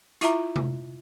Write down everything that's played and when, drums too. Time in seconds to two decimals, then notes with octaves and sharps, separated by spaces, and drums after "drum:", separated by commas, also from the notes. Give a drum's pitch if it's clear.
0.21 E4 F4 E5 A#5, drum: hi-hat
0.56 drum: tom C3